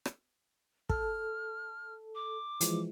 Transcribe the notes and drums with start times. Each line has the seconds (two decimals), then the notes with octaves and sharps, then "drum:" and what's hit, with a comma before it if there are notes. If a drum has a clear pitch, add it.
0.05 drum: rim click
0.89 A4 F6, drum: kick
2.15 D6
2.61 E3 F3 G#3, drum: hi-hat